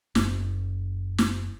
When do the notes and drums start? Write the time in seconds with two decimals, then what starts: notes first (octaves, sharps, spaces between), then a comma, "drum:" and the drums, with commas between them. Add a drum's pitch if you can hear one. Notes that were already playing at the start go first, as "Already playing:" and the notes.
0.15 F#1, drum: snare
1.18 drum: snare